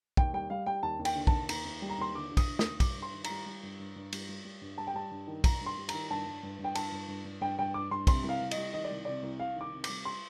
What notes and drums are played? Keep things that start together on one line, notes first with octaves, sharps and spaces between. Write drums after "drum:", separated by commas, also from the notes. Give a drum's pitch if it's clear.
D#2 G5, drum: kick
G3 G5
G3 F5
G3 G5
D#2 A5
D#2
G5, drum: cymbal
D3
A5, drum: kick
D#2
D#2 A#5, drum: cymbal
D#2
G3
A#5
D#2 C6
D3 D6
D3
D#6, drum: kick, cymbal
D3
D#2 D#6, drum: snare
G3 D6, drum: kick, cymbal
G2
C6
D#3
A#5, drum: cymbal
G3
G3
G2
G2
G2
G3, drum: cymbal
G3
G3
G2
G3 A5
G5
G3 A5
G2
D#3
D#3 A#5, drum: kick, cymbal
G2
C6
G3
D#3 A#5, drum: cymbal
G2 A5
G2
G2
G2
G5
G2 A5, drum: cymbal
G2
G2
G2
G2 G5
G2 G5
G2 D6
G2 C6
C3 C6, drum: kick, cymbal
C2
F5
C2
D#5, drum: cymbal
G3
D#3 D#5
D5
C2
C3 D5
C2
C2 F5
D#3 D6
C3
G3 D6, drum: cymbal
C6